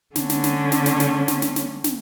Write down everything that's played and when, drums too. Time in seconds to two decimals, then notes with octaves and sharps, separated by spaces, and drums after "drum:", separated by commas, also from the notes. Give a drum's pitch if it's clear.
0.16 D3 C#4, drum: snare
0.30 drum: snare
0.44 drum: snare
0.72 drum: snare
0.86 drum: snare
1.00 drum: snare
1.28 drum: snare
1.42 drum: snare
1.56 drum: snare
1.84 drum: snare